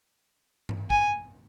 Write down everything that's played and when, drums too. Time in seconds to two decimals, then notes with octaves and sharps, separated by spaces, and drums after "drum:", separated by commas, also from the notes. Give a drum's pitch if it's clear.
0.69 drum: tom G2
0.90 G#5, drum: kick